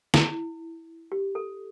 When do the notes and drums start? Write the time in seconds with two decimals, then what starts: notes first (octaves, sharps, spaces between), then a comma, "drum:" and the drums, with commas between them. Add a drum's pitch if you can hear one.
0.14 E4, drum: snare
1.12 G4
1.35 A4